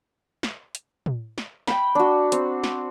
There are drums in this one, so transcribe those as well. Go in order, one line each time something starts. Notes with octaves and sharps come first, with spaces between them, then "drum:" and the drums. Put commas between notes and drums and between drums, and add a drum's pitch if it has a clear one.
drum: snare
drum: hi-hat
drum: tom
drum: snare
G5 B5, drum: snare
D4 F#4
C4, drum: hi-hat
drum: snare